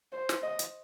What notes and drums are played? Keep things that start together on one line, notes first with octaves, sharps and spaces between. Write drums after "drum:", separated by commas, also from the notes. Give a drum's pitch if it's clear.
C5
drum: snare
D#5
drum: hi-hat